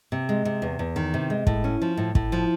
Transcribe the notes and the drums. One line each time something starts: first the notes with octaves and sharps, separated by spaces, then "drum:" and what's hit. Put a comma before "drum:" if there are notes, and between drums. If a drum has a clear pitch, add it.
C3
G#3
C3
E2
E2
D#3
C3
G#3
A2, drum: kick
C#4
F3
A2
A2, drum: kick
F3